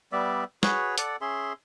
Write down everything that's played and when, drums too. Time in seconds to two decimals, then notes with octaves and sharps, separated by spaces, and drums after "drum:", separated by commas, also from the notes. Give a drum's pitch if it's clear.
0.12 G3 B3 D5 E5
0.63 F#4 G#4 B4 C#5, drum: snare
0.98 A4 D5 F#5, drum: hi-hat
1.21 C#4 G#4 E5 C6